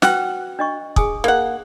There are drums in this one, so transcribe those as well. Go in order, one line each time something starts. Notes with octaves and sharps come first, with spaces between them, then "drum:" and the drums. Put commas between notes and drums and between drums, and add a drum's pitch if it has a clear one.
F#4 B4 F#5 G5, drum: snare
D4 D#5 C#6
G#4 G#5 D#6, drum: kick
A#3 F#5